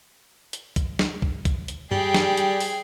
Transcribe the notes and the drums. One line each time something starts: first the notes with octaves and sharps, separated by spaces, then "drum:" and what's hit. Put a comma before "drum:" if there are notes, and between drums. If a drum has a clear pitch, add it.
drum: hi-hat
drum: kick, hi-hat
drum: snare
drum: kick
drum: kick, hi-hat
drum: hi-hat
G3 G#4 G5, drum: tom F#2
drum: snare
drum: hi-hat
drum: open hi-hat